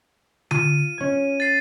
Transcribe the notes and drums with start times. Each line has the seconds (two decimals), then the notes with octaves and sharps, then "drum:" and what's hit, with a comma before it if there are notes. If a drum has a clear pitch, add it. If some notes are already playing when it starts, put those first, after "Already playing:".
0.51 F4 D#7, drum: tom D3
0.98 C#4 G#6
1.40 A6 C7